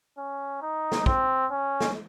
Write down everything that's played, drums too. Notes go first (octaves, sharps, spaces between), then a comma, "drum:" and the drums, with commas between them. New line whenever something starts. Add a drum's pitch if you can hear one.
C#4
D#4
drum: snare
C4, drum: kick
C#4
drum: snare